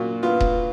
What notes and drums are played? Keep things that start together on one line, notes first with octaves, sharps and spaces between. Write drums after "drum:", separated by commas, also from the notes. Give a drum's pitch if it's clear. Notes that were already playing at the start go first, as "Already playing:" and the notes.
Already playing: A#2 F#3 F4 F#4
B3 F4
drum: kick D#1